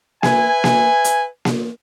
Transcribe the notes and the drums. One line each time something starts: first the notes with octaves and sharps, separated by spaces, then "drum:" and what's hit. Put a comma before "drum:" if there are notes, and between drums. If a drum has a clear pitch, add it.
B4 E5 G#5, drum: snare A#3
drum: snare A#3
drum: hi-hat
drum: snare A#3